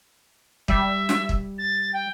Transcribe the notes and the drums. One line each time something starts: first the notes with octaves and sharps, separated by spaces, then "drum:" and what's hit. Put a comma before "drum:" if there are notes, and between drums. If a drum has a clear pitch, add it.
G3 E5, drum: kick
drum: snare
drum: kick
A6
G5